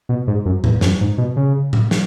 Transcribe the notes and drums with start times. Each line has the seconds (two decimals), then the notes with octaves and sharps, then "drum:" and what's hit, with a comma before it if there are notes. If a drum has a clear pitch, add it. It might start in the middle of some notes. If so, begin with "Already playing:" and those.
0.09 B2
0.27 G#2
0.45 F#2
0.64 E2, drum: tom A2
0.81 F#2, drum: snare
1.01 G#2
1.18 B2
1.36 C#3
1.73 drum: tom A2
1.91 drum: snare